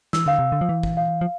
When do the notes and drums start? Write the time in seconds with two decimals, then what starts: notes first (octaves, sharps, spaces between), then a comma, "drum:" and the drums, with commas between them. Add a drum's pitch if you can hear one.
0.13 E3 E6, drum: snare
0.26 D3 F5
0.39 C3
0.52 D3
0.61 F3
0.69 E3
0.83 drum: kick
0.97 F5
1.21 F3